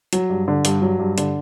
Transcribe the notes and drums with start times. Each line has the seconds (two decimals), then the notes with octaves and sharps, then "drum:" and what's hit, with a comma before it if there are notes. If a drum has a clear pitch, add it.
0.13 F#3, drum: hi-hat
0.30 G2
0.48 D3
0.65 G2, drum: hi-hat
0.82 F#3
0.99 G2
1.18 D3, drum: hi-hat